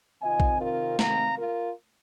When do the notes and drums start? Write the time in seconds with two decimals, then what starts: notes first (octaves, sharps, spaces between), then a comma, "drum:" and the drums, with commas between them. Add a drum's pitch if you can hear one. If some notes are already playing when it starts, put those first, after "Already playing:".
0.22 C3 D#3 C4 F4 D#5 G#5
0.40 drum: kick
0.60 F4 A#4
0.99 F5 A#5, drum: snare
1.38 F4 A#4